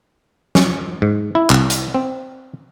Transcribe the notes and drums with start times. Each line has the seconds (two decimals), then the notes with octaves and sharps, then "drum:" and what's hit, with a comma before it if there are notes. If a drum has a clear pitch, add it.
0.55 C#4, drum: snare
1.02 G#2
1.35 E4
1.50 C2, drum: clap
1.70 drum: hi-hat
1.95 C4